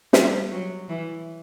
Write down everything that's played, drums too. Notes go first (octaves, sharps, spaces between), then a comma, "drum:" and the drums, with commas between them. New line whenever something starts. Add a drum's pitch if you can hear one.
G3, drum: snare
F#3
E3